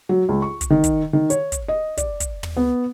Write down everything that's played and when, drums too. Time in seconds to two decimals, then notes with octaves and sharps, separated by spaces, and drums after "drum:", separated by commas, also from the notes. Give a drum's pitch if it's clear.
0.09 F#3
0.29 C#2
0.42 C#6
0.61 drum: kick, hi-hat
0.70 D#3
0.84 drum: kick, hi-hat
1.13 D#3
1.30 C#5, drum: hi-hat
1.52 drum: kick, hi-hat
1.68 D#5
1.97 D5, drum: kick, hi-hat
2.20 drum: kick, hi-hat
2.43 drum: tom
2.57 B3